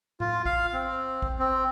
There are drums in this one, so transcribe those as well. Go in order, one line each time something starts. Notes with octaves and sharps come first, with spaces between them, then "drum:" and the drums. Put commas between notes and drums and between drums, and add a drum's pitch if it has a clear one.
F4, drum: tom A2
F5, drum: kick
C4
drum: kick
C4